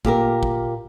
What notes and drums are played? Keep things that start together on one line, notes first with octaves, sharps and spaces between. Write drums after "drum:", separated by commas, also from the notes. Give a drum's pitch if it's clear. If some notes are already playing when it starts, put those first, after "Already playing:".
A#2 G4 A4 A#4, drum: kick
drum: kick